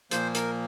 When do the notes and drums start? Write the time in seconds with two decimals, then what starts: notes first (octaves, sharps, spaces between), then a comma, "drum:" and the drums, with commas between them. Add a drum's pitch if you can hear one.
0.11 A#2 F3 A#3 C5, drum: hi-hat
0.35 A#4, drum: hi-hat